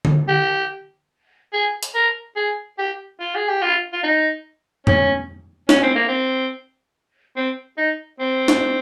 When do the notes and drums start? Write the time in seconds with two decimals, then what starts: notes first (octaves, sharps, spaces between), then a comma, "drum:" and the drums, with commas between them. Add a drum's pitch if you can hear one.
0.05 drum: tom D3
0.28 G4
1.53 G#4
1.83 drum: hi-hat
1.95 A#4
2.36 G#4
2.78 G4
3.20 F4
3.35 G#4
3.48 G4
3.62 F4
3.93 F4
4.03 D#4
4.87 C#4, drum: tom F2
5.69 C#4, drum: snare
5.83 C4
5.95 A#3
6.08 C4
7.37 C4
7.78 D#4
8.19 C4
8.48 drum: snare